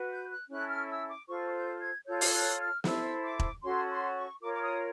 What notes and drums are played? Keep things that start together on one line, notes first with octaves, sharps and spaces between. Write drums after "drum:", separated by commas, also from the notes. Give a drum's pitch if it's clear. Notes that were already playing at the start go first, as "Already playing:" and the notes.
Already playing: F#4 B4
G6
F#6
C#4 E4 A4 F#6
F6
E6
D6
F4 A4 C5 C#6
G6
G#6
F4 A4 C#5 G6
drum: open hi-hat
F#6
F6
E4 A4 C5 E6, drum: snare
D6
drum: kick E1
C#4 F#4 A4 C#5 C6
C6
C#6
F4 A#4 C#5 D6
D6
D#6